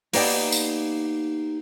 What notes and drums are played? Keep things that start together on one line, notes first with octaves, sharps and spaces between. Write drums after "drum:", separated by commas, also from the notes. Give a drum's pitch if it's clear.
A#3 B3 D#4 G4 D5 G5, drum: open hi-hat
drum: tambourine